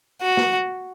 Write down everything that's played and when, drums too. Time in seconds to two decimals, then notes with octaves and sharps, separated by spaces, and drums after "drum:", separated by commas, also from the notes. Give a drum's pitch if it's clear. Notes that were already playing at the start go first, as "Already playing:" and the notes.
0.21 F#4
0.37 drum: snare